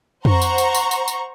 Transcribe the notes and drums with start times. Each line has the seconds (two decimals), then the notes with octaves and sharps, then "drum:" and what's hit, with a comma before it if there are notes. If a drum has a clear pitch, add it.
0.25 C5 F#5 A#5 C#6, drum: tom F2
0.42 drum: tambourine
0.58 drum: tambourine
0.75 drum: tambourine
0.91 drum: tambourine
1.08 drum: tambourine